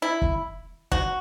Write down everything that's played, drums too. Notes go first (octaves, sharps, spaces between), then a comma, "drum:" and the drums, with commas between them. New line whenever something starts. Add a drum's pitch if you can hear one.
E4
drum: kick
F#4, drum: kick